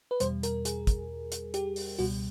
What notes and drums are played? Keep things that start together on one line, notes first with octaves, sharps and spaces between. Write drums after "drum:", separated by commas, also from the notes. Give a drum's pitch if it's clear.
B4
E2 B2 G3 C5, drum: hi-hat
A#4, drum: hi-hat
G#4, drum: hi-hat
drum: kick, hi-hat
drum: hi-hat
G4, drum: hi-hat
drum: open hi-hat
C#2 B2 G3 F#4, drum: open hi-hat